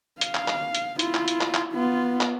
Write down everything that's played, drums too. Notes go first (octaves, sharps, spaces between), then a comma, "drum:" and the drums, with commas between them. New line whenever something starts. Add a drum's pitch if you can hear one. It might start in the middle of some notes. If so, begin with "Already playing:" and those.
F5, drum: hi-hat
drum: clap
drum: clap
drum: hi-hat
E4 F4, drum: hi-hat
drum: clap
drum: hi-hat
drum: clap
drum: clap
B3 F4
drum: clap